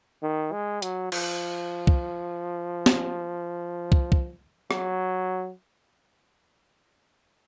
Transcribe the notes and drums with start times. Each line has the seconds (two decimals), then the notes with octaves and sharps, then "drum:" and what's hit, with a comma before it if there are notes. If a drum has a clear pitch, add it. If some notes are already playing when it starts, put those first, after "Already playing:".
0.23 D#3
0.52 G#3
0.82 F#3, drum: hi-hat
1.12 F3, drum: cymbal
1.87 drum: kick
2.86 drum: snare
3.92 drum: kick
4.12 drum: kick
4.71 F#3, drum: rim click